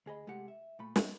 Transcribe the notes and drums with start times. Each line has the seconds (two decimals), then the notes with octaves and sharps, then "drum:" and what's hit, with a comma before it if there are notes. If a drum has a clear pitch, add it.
0.06 D2 G#4 D#5 B5
0.27 C3 G#3 A3 G4 F#5
0.48 E5
0.79 A#2 A3 B5
0.96 C4 D4 D#4 C#5 D#5 E5, drum: snare